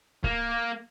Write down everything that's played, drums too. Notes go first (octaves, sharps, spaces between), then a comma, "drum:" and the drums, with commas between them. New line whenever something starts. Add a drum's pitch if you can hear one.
A#3, drum: kick